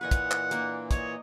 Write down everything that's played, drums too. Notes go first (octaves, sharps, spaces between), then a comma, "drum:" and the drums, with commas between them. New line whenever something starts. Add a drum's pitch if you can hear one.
A#2 E3 B4 C#5 D#5 F#5
drum: kick, hi-hat
drum: clap
A#3 D4, drum: hi-hat
C#5 D#5, drum: kick, hi-hat